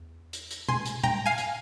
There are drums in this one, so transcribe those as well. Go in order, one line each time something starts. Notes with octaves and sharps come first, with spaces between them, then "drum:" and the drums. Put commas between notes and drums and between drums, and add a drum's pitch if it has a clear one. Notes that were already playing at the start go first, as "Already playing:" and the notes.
Already playing: E2
drum: hi-hat
drum: hi-hat
G#5 C6, drum: tom
drum: hi-hat
G5 A#5, drum: tom A#2
F5 G#5
drum: hi-hat